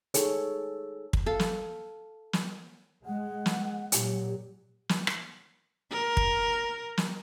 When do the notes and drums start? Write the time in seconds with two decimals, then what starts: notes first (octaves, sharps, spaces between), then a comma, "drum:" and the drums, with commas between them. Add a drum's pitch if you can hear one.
0.14 D#4 G#4 A4 C#5, drum: hi-hat
1.13 drum: kick
1.26 A4 F5
1.40 drum: snare
2.33 drum: snare
3.05 G#3 F#5
3.46 drum: snare
3.92 A#2 F#3 G4, drum: hi-hat
4.89 drum: snare
5.07 drum: rim click
5.91 A#4
6.17 drum: kick
6.98 drum: snare